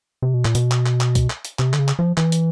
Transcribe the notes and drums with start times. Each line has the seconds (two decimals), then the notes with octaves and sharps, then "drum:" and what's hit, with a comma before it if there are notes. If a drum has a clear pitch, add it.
0.22 C3
0.34 B2
0.45 A#2, drum: clap
0.55 B2, drum: hi-hat
0.71 drum: clap
0.86 drum: clap
1.01 drum: clap
1.15 drum: kick C2, hi-hat
1.30 drum: clap
1.45 drum: hi-hat
1.59 C3, drum: clap
1.73 D3, drum: clap
1.79 C#3
1.88 drum: clap
1.99 F3
2.17 E3, drum: clap
2.32 drum: hi-hat